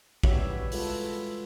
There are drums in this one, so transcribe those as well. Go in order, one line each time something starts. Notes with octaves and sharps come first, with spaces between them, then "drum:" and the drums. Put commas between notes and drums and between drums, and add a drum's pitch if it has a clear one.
E3 G3 F#4 G4 C#5 E5, drum: kick
G#3 F4 A4 B4 E5, drum: open hi-hat